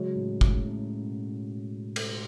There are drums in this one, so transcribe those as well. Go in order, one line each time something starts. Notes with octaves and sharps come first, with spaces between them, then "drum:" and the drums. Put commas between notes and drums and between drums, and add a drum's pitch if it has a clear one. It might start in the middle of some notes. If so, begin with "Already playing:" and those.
Already playing: C#3 F#3 G#3 C#4 F#4
A2
A2, drum: kick
A2
B2
drum: cymbal